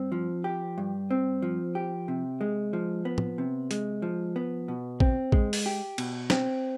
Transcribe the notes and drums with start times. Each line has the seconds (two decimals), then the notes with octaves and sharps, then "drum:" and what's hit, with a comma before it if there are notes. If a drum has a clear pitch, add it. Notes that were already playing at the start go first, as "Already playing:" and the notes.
Already playing: G2 C4
0.12 F3
0.44 G4
0.78 G2
1.11 C4
1.42 F3
1.75 G4
2.08 C3
2.41 G#3
2.73 F3
3.05 B3
3.18 drum: tom
3.38 C3
3.71 G#3, drum: hi-hat
4.02 F3
4.36 B3
4.68 B2
5.00 C4, drum: kick
5.32 G#3, drum: kick
5.53 drum: open hi-hat
5.66 G4
5.98 B2, drum: cymbal
6.30 C4, drum: snare